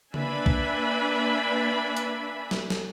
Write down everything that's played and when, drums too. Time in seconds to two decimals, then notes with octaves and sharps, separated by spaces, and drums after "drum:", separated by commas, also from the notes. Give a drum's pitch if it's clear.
0.14 A#3 D4 B4 E5 G#5 B5, drum: tom C#3
0.46 drum: kick
1.97 drum: hi-hat
2.51 drum: snare
2.70 drum: snare